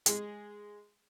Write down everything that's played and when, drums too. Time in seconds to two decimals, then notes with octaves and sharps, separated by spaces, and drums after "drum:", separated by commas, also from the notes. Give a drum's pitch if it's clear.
0.06 G#3 G#4, drum: hi-hat